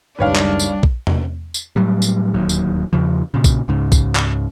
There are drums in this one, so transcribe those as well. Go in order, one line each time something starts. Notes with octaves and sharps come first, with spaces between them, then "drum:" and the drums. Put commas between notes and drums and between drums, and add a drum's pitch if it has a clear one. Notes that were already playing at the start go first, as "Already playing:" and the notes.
F#1 C#2 D#3 G3 D4 B4 C#5 F5
drum: clap
drum: tambourine
drum: kick A#1
drum: tom E2
drum: tambourine
A2 F#3 G3
drum: tambourine
D1 D#2 F#3
drum: tambourine
E2 C#3 F3
A#2 C#3
drum: kick A#1, tambourine
C#2 G#2 C#3
drum: kick A#1, tambourine
drum: clap